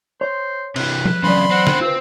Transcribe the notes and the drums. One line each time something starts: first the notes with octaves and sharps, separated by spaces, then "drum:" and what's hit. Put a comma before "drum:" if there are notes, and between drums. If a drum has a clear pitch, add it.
C5 C#5 C6
C3 E3 B4, drum: cymbal
drum: tom F3
B1 C#3 E3 F#3 D5 B5 C6
C4 F#5
F#5, drum: snare
F4 B4 E6